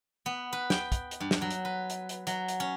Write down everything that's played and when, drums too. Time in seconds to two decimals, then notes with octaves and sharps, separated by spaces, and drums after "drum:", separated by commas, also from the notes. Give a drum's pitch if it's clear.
0.26 B3
0.53 B4
0.70 G5, drum: snare
0.92 drum: kick, hi-hat
1.11 drum: hi-hat
1.20 G2
1.31 drum: snare
1.41 F#3
1.51 drum: hi-hat
1.65 B4
1.90 drum: hi-hat
2.09 drum: hi-hat
2.27 F#3, drum: hi-hat
2.48 drum: hi-hat
2.60 C#4